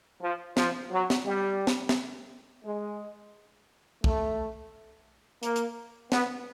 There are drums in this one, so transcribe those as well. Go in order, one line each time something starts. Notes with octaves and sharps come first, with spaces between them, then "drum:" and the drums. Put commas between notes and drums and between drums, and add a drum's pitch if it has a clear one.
F3
F3, drum: snare
F#3
drum: snare
G3
drum: snare
drum: snare
G#3
A3, drum: kick
A#3, drum: hi-hat
drum: hi-hat
B3, drum: snare